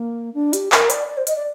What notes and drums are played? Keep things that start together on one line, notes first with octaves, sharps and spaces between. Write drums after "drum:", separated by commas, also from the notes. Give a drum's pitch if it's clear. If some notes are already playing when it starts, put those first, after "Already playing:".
Already playing: A#3
D4
G4, drum: hi-hat
A#4, drum: clap
D5, drum: hi-hat
D5
C5
D#5, drum: hi-hat
D5